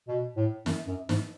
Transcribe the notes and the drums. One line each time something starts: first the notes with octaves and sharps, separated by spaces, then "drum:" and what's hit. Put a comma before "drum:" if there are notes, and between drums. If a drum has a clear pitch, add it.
B2
A2
F#2, drum: snare
F#2
G#2, drum: snare